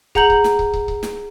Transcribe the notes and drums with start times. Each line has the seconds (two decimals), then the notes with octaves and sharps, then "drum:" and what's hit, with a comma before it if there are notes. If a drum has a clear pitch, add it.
0.15 G#4 F#5 A#5 G6 F#7, drum: kick
0.30 drum: kick
0.44 drum: snare
0.59 drum: kick
0.73 drum: kick
0.88 drum: kick
1.03 drum: snare